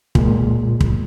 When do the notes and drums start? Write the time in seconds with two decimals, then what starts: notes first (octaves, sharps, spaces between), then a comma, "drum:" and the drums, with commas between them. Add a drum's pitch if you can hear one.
0.15 A#2 G#3, drum: kick
0.80 drum: kick